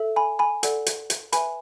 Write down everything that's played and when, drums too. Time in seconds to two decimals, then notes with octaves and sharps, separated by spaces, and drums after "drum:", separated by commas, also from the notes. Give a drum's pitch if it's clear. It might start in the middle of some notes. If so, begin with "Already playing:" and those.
Already playing: A4 E5
0.16 G#5 B5
0.39 G#5 B5
0.63 A4 D5 F#5, drum: hi-hat
0.86 drum: hi-hat
1.10 drum: hi-hat
1.33 B4 E5 G#5 B5, drum: hi-hat